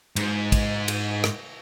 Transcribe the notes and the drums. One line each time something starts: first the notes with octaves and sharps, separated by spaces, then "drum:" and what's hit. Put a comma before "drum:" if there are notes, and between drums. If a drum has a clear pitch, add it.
G#2, drum: cymbal
drum: kick, cymbal
drum: cymbal
drum: rim click